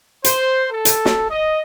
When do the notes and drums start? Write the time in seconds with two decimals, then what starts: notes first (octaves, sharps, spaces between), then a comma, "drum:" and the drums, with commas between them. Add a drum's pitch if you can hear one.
0.24 C5, drum: hi-hat
0.72 A4
0.85 drum: hi-hat
1.05 drum: snare
1.31 D#5